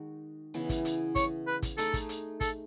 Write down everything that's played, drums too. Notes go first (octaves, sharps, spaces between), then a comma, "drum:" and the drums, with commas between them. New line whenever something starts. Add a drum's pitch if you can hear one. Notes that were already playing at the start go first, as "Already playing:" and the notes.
Already playing: D#3 G#3 D#4 F#4
C#3 E3 B3 E4
drum: kick, hi-hat
drum: hi-hat
C#5, drum: kick, hi-hat
B4
drum: kick, hi-hat
A3 D#4 G#4 A4, drum: hi-hat
drum: kick, hi-hat
drum: hi-hat
A4, drum: kick, hi-hat